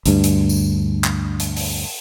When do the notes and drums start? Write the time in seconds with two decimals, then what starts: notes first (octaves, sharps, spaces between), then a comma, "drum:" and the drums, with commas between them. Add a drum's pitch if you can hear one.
0.06 D2 G2, drum: hi-hat
0.24 drum: hi-hat
0.49 drum: tambourine
1.04 drum: clap
1.40 drum: hi-hat
1.57 drum: open hi-hat